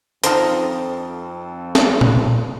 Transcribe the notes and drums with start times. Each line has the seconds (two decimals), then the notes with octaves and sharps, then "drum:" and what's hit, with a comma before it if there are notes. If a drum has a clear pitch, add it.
0.24 F2 C4 D#4 F4 A4 C5 D#5 A5, drum: hi-hat
1.75 drum: snare
2.01 drum: tom